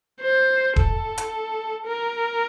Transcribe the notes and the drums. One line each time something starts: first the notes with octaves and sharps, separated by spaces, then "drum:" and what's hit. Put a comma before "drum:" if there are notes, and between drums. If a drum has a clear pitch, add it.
C5
A4, drum: kick D#1
drum: hi-hat
A#4